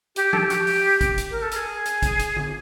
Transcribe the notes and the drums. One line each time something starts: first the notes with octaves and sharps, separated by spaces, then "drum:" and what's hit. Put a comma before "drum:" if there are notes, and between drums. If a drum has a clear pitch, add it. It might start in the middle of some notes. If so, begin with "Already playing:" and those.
G4, drum: hi-hat
A4, drum: tom F3
G4
F#4, drum: hi-hat
G4
drum: open hi-hat
drum: kick, hi-hat
drum: hi-hat
A#4
A4
A#4, drum: hi-hat
G#4
drum: hi-hat
drum: kick, hi-hat
drum: hi-hat
drum: tom D3